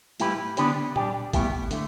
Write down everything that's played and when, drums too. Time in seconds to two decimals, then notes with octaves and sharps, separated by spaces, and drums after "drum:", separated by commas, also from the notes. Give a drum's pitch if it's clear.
0.20 A2 G3 E4 G4 B4, drum: hi-hat
0.57 D3 B3 D4 G4 B4, drum: hi-hat
0.96 G3 D4 G4, drum: tom A#2
1.33 A2 G3 B3 E4 G4, drum: kick G#1, hi-hat
1.71 D3 A3, drum: hi-hat